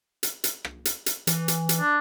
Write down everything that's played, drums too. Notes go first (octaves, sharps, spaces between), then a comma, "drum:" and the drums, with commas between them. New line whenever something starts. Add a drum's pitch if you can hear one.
drum: hi-hat
drum: hi-hat
drum: rim click
drum: hi-hat
drum: hi-hat
E3, drum: hi-hat
drum: hi-hat
drum: hi-hat
D4